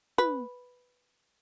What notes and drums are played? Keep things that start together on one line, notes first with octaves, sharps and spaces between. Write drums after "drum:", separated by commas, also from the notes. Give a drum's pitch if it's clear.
B4, drum: tom